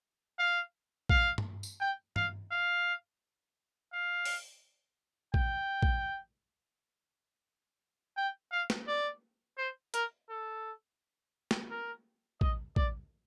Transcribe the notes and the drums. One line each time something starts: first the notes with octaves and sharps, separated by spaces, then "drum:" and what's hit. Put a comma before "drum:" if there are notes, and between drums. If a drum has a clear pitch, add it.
F5
F5, drum: kick
drum: tom G2
drum: tambourine
G5
F5, drum: tom G2
F5
F5
drum: open hi-hat
G5, drum: kick
drum: kick
G5
F5
drum: snare
D5
C5
A#4, drum: hi-hat
A4
drum: snare
A#4
D#5, drum: kick
D5, drum: kick